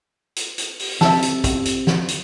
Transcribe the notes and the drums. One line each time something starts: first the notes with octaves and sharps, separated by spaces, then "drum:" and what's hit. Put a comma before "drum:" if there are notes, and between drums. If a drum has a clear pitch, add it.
drum: hi-hat
drum: hi-hat
drum: open hi-hat
C3 A4 E5, drum: snare
drum: hi-hat
drum: kick, hi-hat
drum: hi-hat
drum: snare
drum: hi-hat